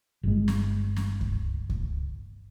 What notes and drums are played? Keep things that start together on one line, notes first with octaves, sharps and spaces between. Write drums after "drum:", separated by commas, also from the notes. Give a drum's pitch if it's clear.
G1 G#3
drum: snare
drum: snare
drum: kick C#2
drum: kick C#2